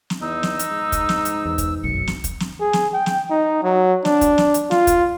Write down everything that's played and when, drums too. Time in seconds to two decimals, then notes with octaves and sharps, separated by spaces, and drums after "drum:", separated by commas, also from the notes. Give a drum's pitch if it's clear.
0.10 drum: snare
0.22 E2 D#4 E6
0.43 drum: snare
0.59 drum: hi-hat
0.70 G#2
0.92 drum: kick, hi-hat
1.09 drum: snare
1.25 drum: hi-hat
1.45 E2
1.58 drum: kick, hi-hat
1.83 F1 B1 F#2 C#7
2.07 drum: snare
2.24 drum: kick, hi-hat
2.40 drum: snare
2.61 G#4
2.73 drum: snare
2.94 G5
3.06 drum: snare
3.30 D#4
3.63 F#3
4.05 D4, drum: snare
4.21 drum: kick, hi-hat
4.38 drum: snare
4.54 drum: hi-hat
4.71 F4, drum: snare
4.87 drum: kick, hi-hat